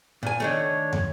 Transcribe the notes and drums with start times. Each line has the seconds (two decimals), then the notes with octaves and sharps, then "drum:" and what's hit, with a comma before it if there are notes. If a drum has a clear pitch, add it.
0.23 A#2 G#5
0.40 D3 D#3 A3 C#5
0.93 drum: tom